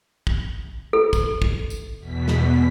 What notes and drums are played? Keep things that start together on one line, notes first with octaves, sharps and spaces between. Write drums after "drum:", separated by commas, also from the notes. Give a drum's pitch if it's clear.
drum: kick
A4
drum: kick, tambourine
drum: kick
drum: tambourine
E2 B2 B6
drum: snare